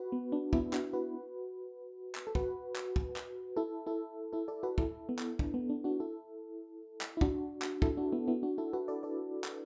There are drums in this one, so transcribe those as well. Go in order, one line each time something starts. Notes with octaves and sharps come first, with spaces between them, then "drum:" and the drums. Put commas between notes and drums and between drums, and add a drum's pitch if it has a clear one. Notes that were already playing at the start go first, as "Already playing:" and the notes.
Already playing: F#4 B4
B3
D4
B3 E4, drum: kick
D4 F#4, drum: clap
F#4 B4
drum: clap
A4
F#4 B4, drum: kick
drum: clap
drum: kick
drum: clap
E4 A4
E4 A4
E4 A4
A4 D5
F#4 B4
E4 A4, drum: kick
B3
drum: clap
D4, drum: kick
B3
D4
D4 F#4
E4 A4
drum: clap
E4
D4 F#4, drum: kick
drum: clap
E4 A4, drum: kick
D4 F#4
B3 E4
B3 E4
D4 F#4
E4 A4
F#4 B4
A4 D5
A4 D5
drum: clap